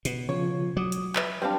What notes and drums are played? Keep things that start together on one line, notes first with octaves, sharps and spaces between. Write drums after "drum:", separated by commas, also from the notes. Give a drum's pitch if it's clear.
B2, drum: hi-hat
C#3 F3 F4 C#5
F#3 D6 D#6
drum: hi-hat
B4 E5, drum: clap
G3 C4 D4 B4 C5 F5